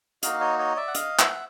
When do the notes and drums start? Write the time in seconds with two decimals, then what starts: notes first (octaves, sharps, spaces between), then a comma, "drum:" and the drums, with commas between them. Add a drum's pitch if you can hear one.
0.23 A#3 D#4 F#4 D#5 F5, drum: hi-hat
0.40 C#5 D#5
0.59 C#5 D#5
0.77 D5 E5
0.88 F#5
0.95 D#5 F5, drum: hi-hat
1.19 E5 F#5, drum: clap